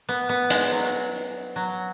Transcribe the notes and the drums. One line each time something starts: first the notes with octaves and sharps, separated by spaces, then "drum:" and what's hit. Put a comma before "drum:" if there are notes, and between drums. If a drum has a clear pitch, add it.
B3
B3
G#3, drum: hi-hat
F#3
F#3